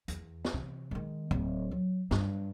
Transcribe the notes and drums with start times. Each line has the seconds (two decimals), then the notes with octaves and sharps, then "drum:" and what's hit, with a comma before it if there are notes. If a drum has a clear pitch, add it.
0.08 E2, drum: hi-hat
0.45 drum: snare
0.54 C3 E3
0.91 D#3 G#3
1.31 D1 C4, drum: kick
1.71 F#3
2.11 G2 G3, drum: snare